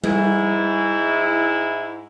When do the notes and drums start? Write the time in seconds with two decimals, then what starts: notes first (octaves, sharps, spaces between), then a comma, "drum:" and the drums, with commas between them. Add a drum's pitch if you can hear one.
0.04 G#2 E4, drum: tom G3